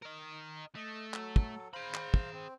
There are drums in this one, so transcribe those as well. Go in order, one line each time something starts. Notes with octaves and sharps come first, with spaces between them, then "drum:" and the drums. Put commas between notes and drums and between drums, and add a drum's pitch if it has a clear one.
A#4 D#5
A3 D#5 A5
F#3 A4, drum: clap
drum: kick
G#4 C5 F5 A#5 B5
drum: clap
drum: kick
C4